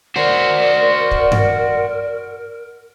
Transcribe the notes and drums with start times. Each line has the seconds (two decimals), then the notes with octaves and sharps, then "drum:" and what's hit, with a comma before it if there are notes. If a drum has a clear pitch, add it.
0.16 F#4 A#4 C5 D5
1.11 drum: kick
1.32 drum: tom G2